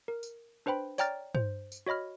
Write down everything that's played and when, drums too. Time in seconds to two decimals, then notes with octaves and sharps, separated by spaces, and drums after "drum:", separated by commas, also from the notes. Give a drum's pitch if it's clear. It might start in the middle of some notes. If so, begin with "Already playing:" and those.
0.08 A#4
0.23 drum: tambourine
0.66 D4 B4 C5 G5 B5
0.98 C#5 D5 G5 A#5 F6 A6, drum: tambourine
1.35 C5, drum: tom
1.72 drum: tambourine
1.86 F#4 C#5 D#5 B5 F6